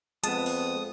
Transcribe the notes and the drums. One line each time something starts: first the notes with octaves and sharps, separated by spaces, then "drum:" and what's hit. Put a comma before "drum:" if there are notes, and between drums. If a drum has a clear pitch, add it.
F2 G#3 B3 A5 D#6, drum: hi-hat
drum: open hi-hat